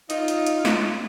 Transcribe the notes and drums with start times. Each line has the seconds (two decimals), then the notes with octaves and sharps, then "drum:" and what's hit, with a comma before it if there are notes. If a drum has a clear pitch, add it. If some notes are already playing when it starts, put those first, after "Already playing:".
0.10 D#4 F4, drum: hi-hat
0.28 drum: hi-hat
0.46 drum: hi-hat
0.65 drum: snare